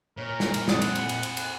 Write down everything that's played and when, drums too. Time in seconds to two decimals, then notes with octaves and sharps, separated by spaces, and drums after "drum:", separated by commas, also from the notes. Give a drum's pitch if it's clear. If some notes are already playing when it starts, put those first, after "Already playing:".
0.17 A#2 A#4 C#5
0.40 drum: snare
0.54 drum: cymbal
0.68 F2 F#5 D#6 A6, drum: snare
0.82 drum: cymbal
0.95 drum: cymbal
1.09 drum: cymbal
1.23 drum: cymbal
1.37 drum: cymbal